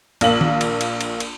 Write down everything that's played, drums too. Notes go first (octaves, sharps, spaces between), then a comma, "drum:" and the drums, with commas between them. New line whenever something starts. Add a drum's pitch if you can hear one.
A#1 A#3 F#7, drum: cymbal
drum: tom D#3
drum: cymbal
drum: cymbal
drum: cymbal
drum: cymbal